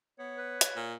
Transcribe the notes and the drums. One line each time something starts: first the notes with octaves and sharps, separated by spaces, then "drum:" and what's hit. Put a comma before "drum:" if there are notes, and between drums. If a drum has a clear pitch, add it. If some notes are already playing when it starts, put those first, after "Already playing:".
B3 C#5
B4
drum: hi-hat
A#2